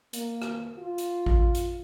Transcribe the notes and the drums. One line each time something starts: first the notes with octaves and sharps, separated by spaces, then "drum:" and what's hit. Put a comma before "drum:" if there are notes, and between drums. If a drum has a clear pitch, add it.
A#3, drum: hi-hat
drum: rim click
F4
drum: hi-hat
drum: kick A1
drum: hi-hat